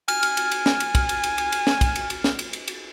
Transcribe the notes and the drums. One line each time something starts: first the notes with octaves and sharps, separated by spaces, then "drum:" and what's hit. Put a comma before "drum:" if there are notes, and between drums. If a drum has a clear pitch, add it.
G#5 F6, drum: cymbal
drum: cymbal
drum: cymbal
drum: cymbal
drum: snare
drum: cymbal
drum: kick, cymbal
drum: cymbal
drum: cymbal
drum: cymbal
drum: cymbal
drum: snare
drum: kick, cymbal
drum: cymbal
drum: cymbal
drum: snare
drum: cymbal
drum: cymbal
drum: cymbal